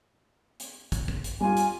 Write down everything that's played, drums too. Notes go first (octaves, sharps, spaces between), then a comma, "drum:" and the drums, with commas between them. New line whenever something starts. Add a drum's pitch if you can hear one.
drum: hi-hat
drum: kick, hi-hat
drum: kick
drum: hi-hat
G3 F4 G#5
drum: hi-hat